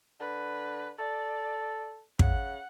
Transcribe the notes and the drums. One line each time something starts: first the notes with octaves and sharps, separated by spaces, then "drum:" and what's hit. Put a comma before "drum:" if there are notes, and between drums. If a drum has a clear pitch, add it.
D3 B4
A4 D5
C#3 F#5, drum: kick